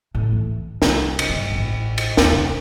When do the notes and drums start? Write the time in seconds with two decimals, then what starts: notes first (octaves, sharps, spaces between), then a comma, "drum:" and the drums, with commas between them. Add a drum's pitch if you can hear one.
0.15 A2
0.32 E3
0.82 C2, drum: snare
1.19 drum: cymbal
1.30 G2
1.51 A1
1.98 drum: cymbal
2.17 D#2, drum: snare
2.32 C3